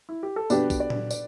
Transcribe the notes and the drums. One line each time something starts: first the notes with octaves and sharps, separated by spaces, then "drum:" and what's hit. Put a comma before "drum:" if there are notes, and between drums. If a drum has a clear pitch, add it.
E4
G4
A4
B2 B3 D4 G4 B4, drum: tambourine
drum: kick, tambourine
D5
drum: tom A#2
D5, drum: tambourine